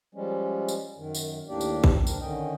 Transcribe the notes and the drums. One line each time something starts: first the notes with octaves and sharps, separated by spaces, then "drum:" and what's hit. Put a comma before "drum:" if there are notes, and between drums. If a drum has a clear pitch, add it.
F3 G3 G#3 C#4
drum: tambourine
F#2 D#3
drum: tambourine
D#2 A2 A#3 D4 G4 D5
drum: tambourine
drum: kick A#1
C4 D4 A#4, drum: tambourine
D3 D#3 C#4 D#5 G5